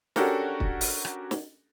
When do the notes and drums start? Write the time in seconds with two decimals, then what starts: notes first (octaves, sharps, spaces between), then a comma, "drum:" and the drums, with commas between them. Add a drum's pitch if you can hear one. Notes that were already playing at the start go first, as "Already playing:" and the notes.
0.16 C#4 D4 F#4 G4 A4 A#4, drum: snare
0.60 drum: kick
0.81 drum: open hi-hat
1.05 drum: rim click
1.31 drum: snare